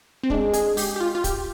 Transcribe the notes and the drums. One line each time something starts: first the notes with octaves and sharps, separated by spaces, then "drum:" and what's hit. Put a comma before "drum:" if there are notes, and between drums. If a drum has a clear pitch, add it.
C4
G#3 D4, drum: kick
G#4, drum: hi-hat
G4, drum: open hi-hat
G4
F4
F4
G4, drum: kick, hi-hat